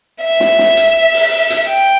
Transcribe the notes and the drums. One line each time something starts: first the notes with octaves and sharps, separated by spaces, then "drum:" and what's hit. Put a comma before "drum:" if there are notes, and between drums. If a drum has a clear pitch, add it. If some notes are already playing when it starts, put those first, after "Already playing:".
E5
drum: snare
drum: snare
drum: hi-hat
drum: open hi-hat
drum: hi-hat
G5